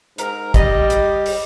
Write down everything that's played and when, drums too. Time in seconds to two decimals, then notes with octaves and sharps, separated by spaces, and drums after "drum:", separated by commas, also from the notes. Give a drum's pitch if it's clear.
0.18 G#2 A#4, drum: hi-hat
0.54 G3 D#5, drum: kick, hi-hat
0.90 drum: hi-hat
1.26 drum: open hi-hat